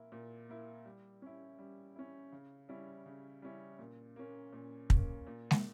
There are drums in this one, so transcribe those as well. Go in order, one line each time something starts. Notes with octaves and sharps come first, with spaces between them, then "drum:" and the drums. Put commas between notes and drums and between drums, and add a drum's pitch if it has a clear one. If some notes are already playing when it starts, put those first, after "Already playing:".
Already playing: A#2 A#3 E4
A#2
A#3 E4
G3
C#4 E4
G3
C#4 E4
C#3
G3 C#4 E4
C#3
G3 C#4 E4
A#2
A#3 C#4
A#2
A#3 C#4, drum: kick
A#2
drum: snare